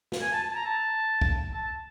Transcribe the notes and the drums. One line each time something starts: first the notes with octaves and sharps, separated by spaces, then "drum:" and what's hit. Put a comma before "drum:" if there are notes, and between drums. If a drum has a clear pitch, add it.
drum: snare
G#5
A5
A5
A#5
A5
drum: kick
A5